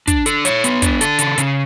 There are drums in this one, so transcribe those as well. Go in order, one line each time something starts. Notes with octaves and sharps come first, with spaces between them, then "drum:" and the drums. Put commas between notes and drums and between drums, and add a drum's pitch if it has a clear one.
D4, drum: kick, hi-hat
A4, drum: hi-hat
C#5, drum: hi-hat
B3, drum: hi-hat
D4, drum: kick, hi-hat
A4, drum: hi-hat
C#3, drum: hi-hat
C#3, drum: hi-hat